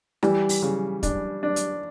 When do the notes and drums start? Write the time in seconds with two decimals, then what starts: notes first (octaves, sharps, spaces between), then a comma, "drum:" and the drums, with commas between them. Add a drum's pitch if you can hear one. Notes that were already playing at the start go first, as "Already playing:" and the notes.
0.23 E3 G3, drum: rim click
0.49 drum: open hi-hat
0.62 C#3
1.03 D4, drum: kick, hi-hat
1.43 D4
1.56 drum: hi-hat